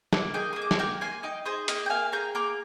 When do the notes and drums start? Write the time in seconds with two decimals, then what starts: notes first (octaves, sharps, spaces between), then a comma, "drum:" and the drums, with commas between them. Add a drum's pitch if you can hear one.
0.13 A#3, drum: snare
0.34 G#4 D#5 G5
0.53 A#3 D#6
0.62 D6
0.71 C6, drum: snare
0.79 A#3 G5 A#5
1.01 A#3 G#5 C6
1.23 D#4 D#5 G5
1.45 G#4 C5 D#5
1.68 A#3 D#5 G5, drum: hi-hat
1.86 G5
1.90 A#3 F5 G#5
2.12 G#4 G5 A#5
2.35 A#3 A#5 D6